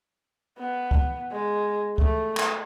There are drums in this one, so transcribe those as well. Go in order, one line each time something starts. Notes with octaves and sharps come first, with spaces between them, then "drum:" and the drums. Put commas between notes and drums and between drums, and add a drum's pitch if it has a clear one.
B3
drum: kick
G#3
A3, drum: kick
drum: clap